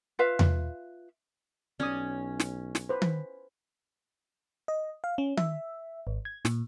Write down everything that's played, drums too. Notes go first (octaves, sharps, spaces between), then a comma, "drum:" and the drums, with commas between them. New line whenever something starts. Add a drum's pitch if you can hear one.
F4 B4 E5 F5
drum: tom E2
B1 C#4 D5 D#6
drum: snare
drum: snare
B4 C5
drum: tom D#3
D#5
F5
C#4
E5, drum: tom D#3
G#1
G#6
A#2, drum: snare